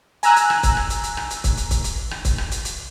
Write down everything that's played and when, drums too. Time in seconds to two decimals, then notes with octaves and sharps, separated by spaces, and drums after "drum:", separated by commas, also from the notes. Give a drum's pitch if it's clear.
0.23 G#5 A#5 E6 F#6, drum: hi-hat
0.36 drum: hi-hat
0.50 drum: rim click
0.63 drum: kick, hi-hat
0.77 drum: rim click
0.90 drum: hi-hat
1.04 drum: hi-hat
1.17 drum: rim click
1.31 drum: hi-hat
1.44 drum: kick, hi-hat
1.57 drum: hi-hat
1.71 drum: kick, hi-hat
1.84 drum: hi-hat
2.11 drum: rim click
2.25 drum: kick, hi-hat
2.38 drum: rim click
2.52 drum: hi-hat
2.65 drum: hi-hat